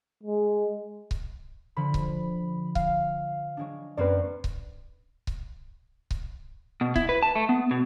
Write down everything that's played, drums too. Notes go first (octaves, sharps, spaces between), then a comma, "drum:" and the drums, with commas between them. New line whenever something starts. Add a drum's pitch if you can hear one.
G#3
drum: kick C#1
D3 F3 B5
drum: kick C#1
F5, drum: kick C#1
F#3 G#3 D4
F#2 A#3 C4 B4 D5
drum: kick C#1
drum: kick C#1
drum: kick C#1
B2
E4, drum: kick C#1
B4
A5
A3
B3
B2